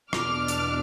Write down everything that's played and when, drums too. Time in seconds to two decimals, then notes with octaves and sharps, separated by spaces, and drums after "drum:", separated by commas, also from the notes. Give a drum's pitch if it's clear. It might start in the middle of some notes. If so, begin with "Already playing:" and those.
0.13 E2 B2 B3 D4 D6 F6, drum: rim click
0.48 drum: hi-hat